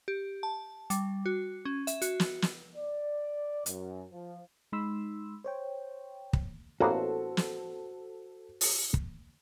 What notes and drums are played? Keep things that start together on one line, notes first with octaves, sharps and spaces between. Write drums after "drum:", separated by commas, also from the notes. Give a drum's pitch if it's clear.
G4
A5
G3, drum: hi-hat
F#4
C#4
E5, drum: hi-hat
F#4, drum: hi-hat
drum: snare
drum: snare
D5
F#2, drum: hi-hat
F3
G#3 D#4 B5 C6 E6
C5 C#5 G5
drum: kick
A1 A#3 B3 F#4 A4 C5
drum: snare
drum: open hi-hat
drum: kick